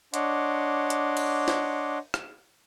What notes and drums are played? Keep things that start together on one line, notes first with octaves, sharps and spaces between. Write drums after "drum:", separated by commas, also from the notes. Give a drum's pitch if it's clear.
D4 C#5 D#5 F#5 C6 D6, drum: hi-hat
drum: hi-hat
drum: cymbal
drum: snare
drum: rim click